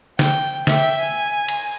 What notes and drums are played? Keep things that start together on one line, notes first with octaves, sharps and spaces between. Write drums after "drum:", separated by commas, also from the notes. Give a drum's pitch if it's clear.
G5, drum: snare
E5 G5, drum: snare
G#5
drum: cymbal